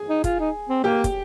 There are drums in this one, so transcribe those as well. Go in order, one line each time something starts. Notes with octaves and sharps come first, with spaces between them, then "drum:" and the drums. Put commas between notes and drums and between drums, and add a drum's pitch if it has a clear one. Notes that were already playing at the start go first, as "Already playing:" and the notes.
Already playing: G#4 G#5
D#4
F4, drum: kick, hi-hat
D#4
C4
A#3 G4 G5
drum: kick, hi-hat